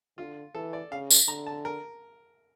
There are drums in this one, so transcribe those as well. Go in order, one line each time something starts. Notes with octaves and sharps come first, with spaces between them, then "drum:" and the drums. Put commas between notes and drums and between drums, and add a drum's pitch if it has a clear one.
D3 F4
E3 A4
D5
C#3 F5
drum: tambourine
D3 A#5
A5
A#4